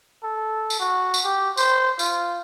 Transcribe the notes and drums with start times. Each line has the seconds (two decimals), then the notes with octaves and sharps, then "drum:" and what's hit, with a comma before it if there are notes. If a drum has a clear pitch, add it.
0.24 A4
0.70 drum: tambourine
0.80 F#4
1.14 drum: tambourine
1.25 G4
1.57 C5, drum: tambourine
1.99 F4, drum: tambourine